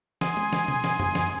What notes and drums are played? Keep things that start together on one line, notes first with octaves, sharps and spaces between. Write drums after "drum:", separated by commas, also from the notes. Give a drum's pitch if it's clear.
G#5 C6 D#6, drum: snare
drum: tom G#3
drum: snare
drum: tom B2
drum: snare
drum: tom F2
drum: snare